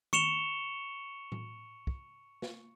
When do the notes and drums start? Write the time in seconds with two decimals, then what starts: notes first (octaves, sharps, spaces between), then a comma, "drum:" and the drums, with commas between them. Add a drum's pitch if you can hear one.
0.13 C#6 C#7 E7 F7 G7, drum: tom D#3
1.32 drum: tom A2
1.87 drum: kick
2.42 drum: snare